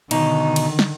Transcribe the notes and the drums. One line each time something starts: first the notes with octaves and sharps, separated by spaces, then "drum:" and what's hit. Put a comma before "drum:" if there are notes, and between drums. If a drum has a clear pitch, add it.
B2 D3 D#3 D#4, drum: cymbal
drum: cymbal
drum: snare